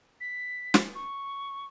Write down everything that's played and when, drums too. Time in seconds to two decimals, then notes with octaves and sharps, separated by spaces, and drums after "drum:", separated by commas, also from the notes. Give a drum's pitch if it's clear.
0.20 B6
0.74 drum: snare
0.95 C#6